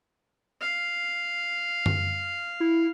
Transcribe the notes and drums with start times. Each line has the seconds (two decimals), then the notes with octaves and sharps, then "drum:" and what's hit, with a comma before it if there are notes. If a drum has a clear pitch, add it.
0.61 F5
1.86 drum: tom F#2
2.60 E4